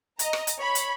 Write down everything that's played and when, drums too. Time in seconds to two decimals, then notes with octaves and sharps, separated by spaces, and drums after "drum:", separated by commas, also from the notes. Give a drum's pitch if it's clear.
0.19 D#5 A#5, drum: hi-hat
0.33 drum: rim click
0.47 drum: hi-hat
0.58 C#5 B5
0.75 drum: hi-hat